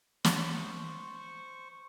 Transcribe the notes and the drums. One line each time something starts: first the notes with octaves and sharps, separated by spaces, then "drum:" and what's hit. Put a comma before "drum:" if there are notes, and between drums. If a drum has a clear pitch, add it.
C5 C#6, drum: snare